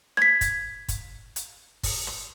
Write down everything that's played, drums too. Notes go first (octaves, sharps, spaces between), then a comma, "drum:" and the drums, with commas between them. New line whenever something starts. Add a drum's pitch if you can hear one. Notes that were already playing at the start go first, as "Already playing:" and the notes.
G#6 B6, drum: rim click
drum: kick, hi-hat
drum: kick, hi-hat
drum: hi-hat
drum: kick, open hi-hat
drum: rim click